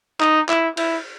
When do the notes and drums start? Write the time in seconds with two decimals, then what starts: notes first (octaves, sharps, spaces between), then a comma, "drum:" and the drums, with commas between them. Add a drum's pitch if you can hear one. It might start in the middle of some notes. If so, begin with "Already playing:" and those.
0.20 D#4, drum: clap
0.49 E4, drum: clap
0.77 E4, drum: cymbal